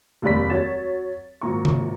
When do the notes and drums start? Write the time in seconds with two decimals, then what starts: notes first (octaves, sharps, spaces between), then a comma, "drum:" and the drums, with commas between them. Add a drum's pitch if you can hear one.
0.22 F1 D#2 G#3 D5 B5 B6
0.50 F#3 C#5 A6 E7
1.41 G#1 A#2 A#5 C#6
1.65 drum: tom C3